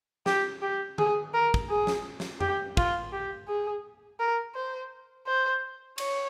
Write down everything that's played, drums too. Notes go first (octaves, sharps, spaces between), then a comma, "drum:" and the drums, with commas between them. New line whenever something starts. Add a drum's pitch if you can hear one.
G4, drum: snare
G4
G#4, drum: tom D3
A#4
drum: kick
G#4
drum: snare
drum: snare
G4, drum: tom F2
F4, drum: kick
G4
G#4
A#4
C5
C5
C#5, drum: cymbal